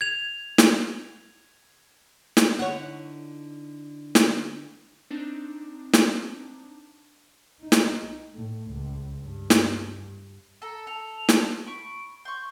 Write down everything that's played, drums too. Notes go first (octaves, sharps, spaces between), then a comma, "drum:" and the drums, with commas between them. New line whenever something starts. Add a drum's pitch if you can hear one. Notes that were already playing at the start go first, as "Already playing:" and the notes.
G#6 F7
drum: snare
drum: snare
D3 D#4 E4 C#5 F#5
drum: snare
C4 D4 D#4
drum: snare
D#4
drum: snare
A2
C#2
G2
drum: snare
A4 A#5 E6
A4 F7
drum: snare
B5 C#6 D7
C6 C#6 G6